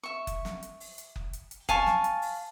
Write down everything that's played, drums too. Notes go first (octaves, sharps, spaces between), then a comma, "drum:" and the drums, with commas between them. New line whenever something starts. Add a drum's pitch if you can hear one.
E5 C#6
drum: kick F#1, hi-hat
drum: snare
drum: hi-hat
drum: open hi-hat
drum: hi-hat
drum: kick F#1
drum: hi-hat
drum: hi-hat
F5 G#5 A5 C#6, drum: kick F#1, hi-hat
drum: snare
drum: hi-hat
drum: open hi-hat